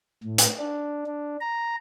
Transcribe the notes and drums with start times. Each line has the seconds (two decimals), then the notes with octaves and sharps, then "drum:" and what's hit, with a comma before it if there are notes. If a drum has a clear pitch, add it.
0.24 A2
0.38 drum: hi-hat
0.59 D4
1.06 D4
1.41 A#5